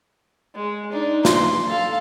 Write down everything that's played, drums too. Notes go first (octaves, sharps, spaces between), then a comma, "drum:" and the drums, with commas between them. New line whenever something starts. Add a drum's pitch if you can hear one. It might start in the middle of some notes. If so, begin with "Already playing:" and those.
G#3
D4 D#4
C6, drum: snare
A4 F5